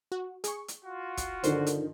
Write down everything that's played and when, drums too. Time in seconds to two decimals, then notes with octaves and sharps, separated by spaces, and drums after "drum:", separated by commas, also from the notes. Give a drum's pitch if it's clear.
0.12 F#4
0.44 G#4 C#6, drum: hi-hat
0.68 drum: hi-hat
0.84 F4 F#4
1.17 drum: kick, hi-hat
1.44 G2 D3 D#3 F3 C5, drum: hi-hat
1.66 drum: hi-hat